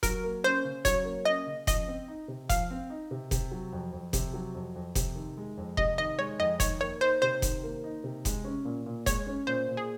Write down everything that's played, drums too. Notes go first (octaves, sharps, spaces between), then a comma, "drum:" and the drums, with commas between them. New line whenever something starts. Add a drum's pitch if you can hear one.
F#3 A#4, drum: kick F1, hi-hat
A#3
C#4 C5
C#3
F#3 C#5, drum: kick F1, hi-hat
A#3
C#4 D#5
C#3
F3 D#5, drum: kick F1, hi-hat
C4
D#4
C3
F3 F5, drum: kick F1, hi-hat
C4
D#4
C3
C3, drum: kick F1, hi-hat
F#3
F2
F2
C3, drum: kick F1, hi-hat
F#3
F2
F2
C3, drum: kick F1, hi-hat
D#3
G#3
F2
C3 D#5, drum: kick F1
D#3 D#5
G#3 C#5
F2 D#5
D#3 C#5, drum: kick F1, hi-hat
A#3 C#5
D#4 C5
C3 C5
D#3, drum: kick F1, hi-hat
A#3
D#4
C3
G#3, drum: kick F1, hi-hat
C#4
A#2
A#2
G#3 C#5, drum: kick F1, hi-hat
C#4
A#2 C5
A#2
G#4